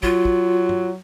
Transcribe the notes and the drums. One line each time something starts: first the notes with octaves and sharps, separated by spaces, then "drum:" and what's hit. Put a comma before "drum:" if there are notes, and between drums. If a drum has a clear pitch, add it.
F#3 F4, drum: kick
drum: kick
drum: tom